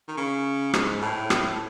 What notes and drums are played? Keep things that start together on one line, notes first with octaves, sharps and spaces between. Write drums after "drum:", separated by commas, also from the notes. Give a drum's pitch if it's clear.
D#3
C#3
G#2, drum: rim click
A2
drum: rim click